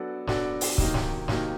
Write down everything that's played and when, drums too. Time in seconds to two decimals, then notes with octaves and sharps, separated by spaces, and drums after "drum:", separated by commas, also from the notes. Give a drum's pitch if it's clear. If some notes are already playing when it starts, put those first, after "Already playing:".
Already playing: F#3 B3 D4 F#4 A4
0.28 F#3 B3 D4 F#4 A4, drum: snare
0.61 drum: open hi-hat
0.78 C3 D#3 F#3 A#3 D#4, drum: kick C#1
0.94 drum: snare
1.28 C3 D#3 F#3 A#3 D#4, drum: snare